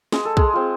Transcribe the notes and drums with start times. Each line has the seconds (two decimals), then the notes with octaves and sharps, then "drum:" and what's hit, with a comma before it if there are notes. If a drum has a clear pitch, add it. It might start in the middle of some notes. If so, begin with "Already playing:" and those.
0.12 G#3 G#4, drum: snare
0.25 A4
0.37 G#3 G#4, drum: kick
0.53 C4 F4